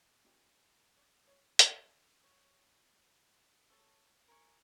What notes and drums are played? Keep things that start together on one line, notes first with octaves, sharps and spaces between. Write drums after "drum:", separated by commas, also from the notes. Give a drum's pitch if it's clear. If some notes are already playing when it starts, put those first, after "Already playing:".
A#3 C#4 F4 G4 D#5
C#5 D5
C#5
drum: hi-hat
C#5
A4 C#5 A5
A#4 G#5 C#6